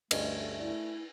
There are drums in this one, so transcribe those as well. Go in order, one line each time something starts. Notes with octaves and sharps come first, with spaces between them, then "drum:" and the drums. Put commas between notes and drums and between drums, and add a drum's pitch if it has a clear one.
D2 G2 A3 C#4 D#5, drum: cymbal
E4 D5